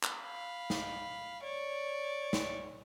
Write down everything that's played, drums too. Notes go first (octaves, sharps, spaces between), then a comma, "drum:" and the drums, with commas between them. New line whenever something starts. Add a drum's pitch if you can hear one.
drum: clap
F5 B5
drum: snare
C#5 D5
drum: snare